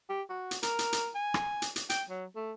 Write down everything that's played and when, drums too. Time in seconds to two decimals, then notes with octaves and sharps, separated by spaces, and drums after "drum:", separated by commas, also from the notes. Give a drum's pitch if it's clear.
0.10 G4
0.30 F#4
0.51 drum: hi-hat
0.63 A#4, drum: hi-hat
0.79 drum: hi-hat
0.93 drum: hi-hat
1.15 G#5
1.34 drum: rim click
1.62 drum: hi-hat
1.76 drum: hi-hat
1.90 G5, drum: hi-hat
2.09 F#3
2.36 A3